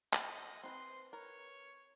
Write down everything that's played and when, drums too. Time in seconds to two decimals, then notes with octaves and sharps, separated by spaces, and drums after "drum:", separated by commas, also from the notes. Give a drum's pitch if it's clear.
0.13 F#4 D#5, drum: clap
0.63 C4 B4 C5 C6
1.13 A#4 B4 C#5